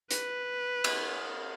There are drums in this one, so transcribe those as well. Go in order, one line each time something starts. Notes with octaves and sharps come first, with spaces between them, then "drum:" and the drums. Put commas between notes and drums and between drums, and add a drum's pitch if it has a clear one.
B4, drum: hi-hat
drum: cymbal